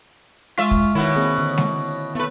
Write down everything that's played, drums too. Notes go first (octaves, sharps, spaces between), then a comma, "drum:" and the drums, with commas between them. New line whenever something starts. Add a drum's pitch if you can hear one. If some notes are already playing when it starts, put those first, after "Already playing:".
G#3 F4 E5 C#6
drum: kick
B2 D#3 B3 E4 C#5
A#3 C4 G#4
D3
drum: snare
A3 B3 B4